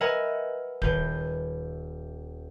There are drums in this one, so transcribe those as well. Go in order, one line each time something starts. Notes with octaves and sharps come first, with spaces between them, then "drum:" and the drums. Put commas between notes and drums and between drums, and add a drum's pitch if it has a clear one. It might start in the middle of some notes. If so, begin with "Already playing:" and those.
A#4 B4 D#5 E5 F#5 G#5
D#1 B4 G6, drum: kick D1